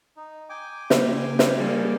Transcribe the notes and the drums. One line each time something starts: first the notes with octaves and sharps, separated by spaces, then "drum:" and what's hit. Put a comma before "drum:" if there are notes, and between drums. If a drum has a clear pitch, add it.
D#4
G5 G#5 D6
C#3 A#3, drum: snare
drum: snare
G3 A#3 G#4